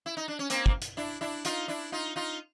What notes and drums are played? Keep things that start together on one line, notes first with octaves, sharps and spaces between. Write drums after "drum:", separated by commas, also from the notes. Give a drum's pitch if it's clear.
E4
D#4
D4
C#4
A#3 C4, drum: hi-hat
drum: kick
drum: hi-hat
D4 E4
D4 E4
D#4 F4, drum: hi-hat
D4 E4
D#4 F4
D#4 F4